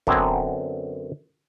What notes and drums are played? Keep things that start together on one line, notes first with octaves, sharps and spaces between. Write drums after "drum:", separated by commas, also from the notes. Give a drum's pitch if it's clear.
F#2 D3 B3 C4 G#5 A#5, drum: kick